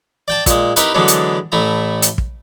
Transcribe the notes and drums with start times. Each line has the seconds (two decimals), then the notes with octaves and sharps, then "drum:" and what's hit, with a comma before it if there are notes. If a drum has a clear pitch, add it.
0.28 D5 G5 A5
0.46 A#2 G#3, drum: kick, hi-hat
0.76 C4 D#4 E4 G4 A#4 B4, drum: hi-hat
0.95 D3 E3 F#3 G#3 B3 D4
1.08 drum: hi-hat
1.52 A1 A3 E4 A#5
2.02 drum: hi-hat
2.18 drum: kick